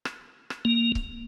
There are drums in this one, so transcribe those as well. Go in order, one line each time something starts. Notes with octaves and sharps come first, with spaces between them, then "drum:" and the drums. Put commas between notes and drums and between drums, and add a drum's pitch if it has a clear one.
drum: rim click
drum: rim click
A#3
drum: kick C#1